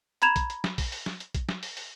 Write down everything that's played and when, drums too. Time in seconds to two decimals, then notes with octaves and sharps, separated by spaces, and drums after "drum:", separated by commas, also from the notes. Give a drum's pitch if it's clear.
0.22 A#5 B5 G#6 E7 F7, drum: hi-hat
0.36 drum: kick A#1, hi-hat
0.50 drum: hi-hat
0.64 drum: snare
0.78 drum: kick A#1, open hi-hat
0.92 drum: open hi-hat
1.06 drum: snare
1.20 drum: hi-hat
1.34 drum: kick A#1, hi-hat
1.49 drum: snare
1.63 drum: open hi-hat
1.77 drum: open hi-hat